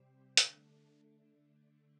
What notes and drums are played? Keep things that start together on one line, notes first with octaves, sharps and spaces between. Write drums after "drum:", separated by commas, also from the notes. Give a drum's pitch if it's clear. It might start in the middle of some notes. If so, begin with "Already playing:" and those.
Already playing: C3 G3 C4 G4 C5
D3 A3 D4, drum: hi-hat